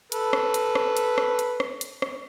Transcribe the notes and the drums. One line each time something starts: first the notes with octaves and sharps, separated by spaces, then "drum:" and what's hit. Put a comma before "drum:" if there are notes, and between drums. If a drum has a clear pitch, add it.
A4 B4, drum: hi-hat
drum: rim click
drum: hi-hat
drum: rim click
drum: hi-hat
drum: rim click
drum: hi-hat
drum: rim click
drum: hi-hat
drum: rim click